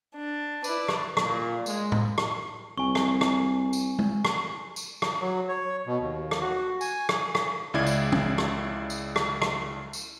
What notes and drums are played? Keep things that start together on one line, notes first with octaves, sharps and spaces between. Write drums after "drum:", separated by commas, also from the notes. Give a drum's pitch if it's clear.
D4
E4 B4 D5, drum: tambourine
drum: rim click
A#2, drum: rim click
G#3, drum: tambourine
drum: tom
drum: rim click
C2 G#5 C#6
drum: rim click
drum: rim click
drum: tambourine
drum: tom
drum: rim click
drum: tambourine
drum: rim click
F#3
C#5
B2
D#2
drum: rim click
F#4
G#5, drum: tambourine
drum: rim click
drum: rim click
C#2 C#3 E4 D5 G#6
drum: tambourine
drum: tom
drum: rim click
drum: tambourine
drum: rim click
drum: rim click
drum: tambourine